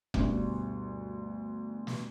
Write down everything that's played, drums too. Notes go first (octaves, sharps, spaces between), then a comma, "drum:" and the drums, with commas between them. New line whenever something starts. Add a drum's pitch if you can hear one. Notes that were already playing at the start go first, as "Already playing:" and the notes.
D2 G2 B2 D4, drum: kick F1
drum: snare